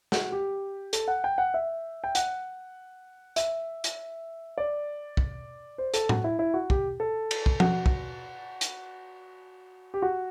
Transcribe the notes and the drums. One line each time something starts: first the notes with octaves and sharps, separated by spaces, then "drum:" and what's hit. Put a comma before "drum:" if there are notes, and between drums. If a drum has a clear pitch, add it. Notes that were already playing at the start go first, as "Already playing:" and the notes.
F#4, drum: snare
G4
A4, drum: hi-hat
F#5
G5
F#5
E5
G5
F#5, drum: hi-hat
E5, drum: hi-hat
drum: hi-hat
D5
drum: kick
C5
A4, drum: hi-hat
F#4, drum: tom A2
E4
E4
F#4
G4, drum: kick
A4
drum: cymbal
drum: kick
F#4, drum: tom F3
drum: kick
drum: hi-hat
G4
F#4